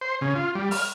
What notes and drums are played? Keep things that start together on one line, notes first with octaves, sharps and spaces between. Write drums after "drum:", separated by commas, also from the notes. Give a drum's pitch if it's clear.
C5
C#3
F4
G3
F6, drum: open hi-hat